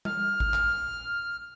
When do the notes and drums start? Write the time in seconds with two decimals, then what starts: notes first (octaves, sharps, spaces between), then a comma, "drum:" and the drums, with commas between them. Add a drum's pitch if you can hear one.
0.05 F6, drum: tom G3
0.40 drum: kick A1
0.54 drum: clap